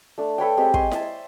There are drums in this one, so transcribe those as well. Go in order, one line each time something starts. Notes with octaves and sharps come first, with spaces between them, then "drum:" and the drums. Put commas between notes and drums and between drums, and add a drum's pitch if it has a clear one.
A3 D4
A4 B4 C#5 G5
G#3 C4 G4
G#5 C6 C#6, drum: kick
E5 A5, drum: snare E4